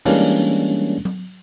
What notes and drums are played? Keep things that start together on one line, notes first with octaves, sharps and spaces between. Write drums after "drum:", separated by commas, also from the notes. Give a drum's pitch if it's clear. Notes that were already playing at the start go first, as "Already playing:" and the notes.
E3 G3 G#3 A#3 C#4 D4, drum: open hi-hat
drum: tom F#3